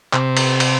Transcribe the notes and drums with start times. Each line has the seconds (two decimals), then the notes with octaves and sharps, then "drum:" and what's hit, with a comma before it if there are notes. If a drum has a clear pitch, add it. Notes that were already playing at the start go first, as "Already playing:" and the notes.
0.13 C3, drum: clap
0.37 drum: cymbal
0.60 drum: cymbal